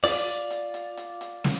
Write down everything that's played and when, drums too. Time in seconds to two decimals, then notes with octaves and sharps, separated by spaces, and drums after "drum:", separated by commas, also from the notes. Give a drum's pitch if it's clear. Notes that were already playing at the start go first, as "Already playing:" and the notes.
0.04 F4 D5, drum: open hi-hat
0.51 drum: hi-hat
0.74 drum: hi-hat
0.97 drum: hi-hat
1.21 drum: hi-hat
1.44 drum: snare